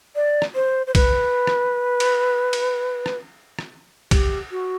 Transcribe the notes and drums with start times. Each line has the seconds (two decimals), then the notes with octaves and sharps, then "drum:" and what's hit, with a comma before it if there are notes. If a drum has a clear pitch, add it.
0.16 D5
0.42 drum: rim click
0.55 C5
0.87 C5
0.95 B4, drum: kick, cymbal
1.47 drum: rim click
2.00 drum: cymbal
2.53 drum: cymbal
3.06 drum: rim click
3.59 drum: rim click
4.11 G4, drum: kick, cymbal
4.51 F#4